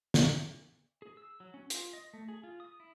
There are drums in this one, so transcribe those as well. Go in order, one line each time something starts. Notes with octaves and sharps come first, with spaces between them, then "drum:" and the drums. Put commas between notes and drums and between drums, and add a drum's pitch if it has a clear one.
drum: snare
G#4
E6
F#3
C#4
F4, drum: hi-hat
D#5
A3
G#4
F4
D#6
E4